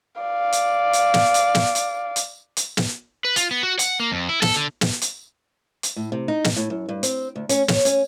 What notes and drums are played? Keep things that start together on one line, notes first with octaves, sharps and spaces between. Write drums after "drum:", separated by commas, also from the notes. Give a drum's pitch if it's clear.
D5 F5
drum: hi-hat
drum: hi-hat
drum: snare
drum: hi-hat
drum: snare
drum: hi-hat
drum: hi-hat
drum: hi-hat
drum: snare
B4
F4, drum: hi-hat
B3
F#4
F#5, drum: hi-hat
A#3
F2
E4
A4, drum: snare
D3
drum: snare
drum: hi-hat
drum: hi-hat
A2
C3
D#4
drum: snare
A2
F#2
G2
C4, drum: hi-hat
D2
C#4, drum: hi-hat
C#5, drum: snare
C#4, drum: hi-hat